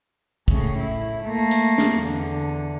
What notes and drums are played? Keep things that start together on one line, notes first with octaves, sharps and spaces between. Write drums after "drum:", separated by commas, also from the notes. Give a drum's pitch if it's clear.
A2 C#3, drum: kick
E4
A3 A#3
drum: hi-hat
drum: snare
E2 D3